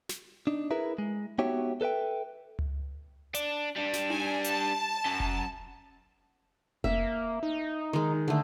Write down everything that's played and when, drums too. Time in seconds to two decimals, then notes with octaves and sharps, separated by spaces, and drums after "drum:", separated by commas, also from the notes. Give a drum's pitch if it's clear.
0.09 drum: snare
0.47 D4 D#4
0.71 E4 G#4 A#4 B4 E5
0.98 G#3
1.38 B3 D#4 F#4 G4 C#5 E5
1.81 A4 B4 E5 G5
2.59 drum: tom C#2
3.35 D4, drum: hi-hat
3.76 G3 D4
3.93 drum: snare
4.10 G#5, drum: tom D#4
4.44 A5, drum: hi-hat
5.05 F#2
5.20 drum: kick F1
6.84 A#3 E5, drum: kick F1
7.43 D#4
7.93 D#3 G#3
8.28 D3 A3